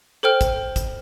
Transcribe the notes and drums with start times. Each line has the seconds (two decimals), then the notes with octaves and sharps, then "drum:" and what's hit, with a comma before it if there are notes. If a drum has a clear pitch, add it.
0.23 A4 C5 G5 F6
0.41 drum: kick, hi-hat
0.76 drum: kick, hi-hat